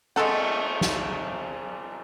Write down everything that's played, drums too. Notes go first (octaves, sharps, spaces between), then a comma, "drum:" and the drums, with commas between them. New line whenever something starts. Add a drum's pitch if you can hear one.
G#3 A3 A4 F#5, drum: cymbal
drum: snare